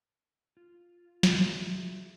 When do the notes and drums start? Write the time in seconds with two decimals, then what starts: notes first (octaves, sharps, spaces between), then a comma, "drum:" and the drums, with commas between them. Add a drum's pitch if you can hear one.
0.57 F4
1.23 drum: snare
1.33 D4 F4 F#4 G#4 E5